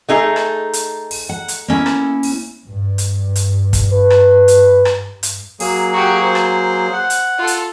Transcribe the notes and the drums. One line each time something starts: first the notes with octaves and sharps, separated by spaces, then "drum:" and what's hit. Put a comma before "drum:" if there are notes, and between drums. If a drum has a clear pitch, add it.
A3 D#4 G#4
drum: rim click
drum: hi-hat
drum: open hi-hat
F#5
drum: hi-hat
A#3 C#4 E4
drum: rim click
drum: open hi-hat
G2
drum: hi-hat
drum: hi-hat
drum: kick, hi-hat
B4
drum: rim click
drum: hi-hat
drum: rim click
drum: hi-hat
F#3 A#3 G#4, drum: open hi-hat
F#4 G4
C5
drum: rim click
F#5
drum: hi-hat
F4 A4
drum: hi-hat